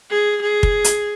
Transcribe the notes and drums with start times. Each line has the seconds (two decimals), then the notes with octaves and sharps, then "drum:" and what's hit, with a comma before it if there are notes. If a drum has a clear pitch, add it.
0.10 G#4
0.41 G#4
0.63 drum: kick
0.84 drum: hi-hat